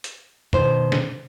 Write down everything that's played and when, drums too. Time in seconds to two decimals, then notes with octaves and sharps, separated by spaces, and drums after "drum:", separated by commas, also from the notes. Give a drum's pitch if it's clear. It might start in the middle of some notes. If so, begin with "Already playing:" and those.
0.04 drum: hi-hat
0.53 B2 D#3 C5, drum: tom F2
0.92 drum: snare C3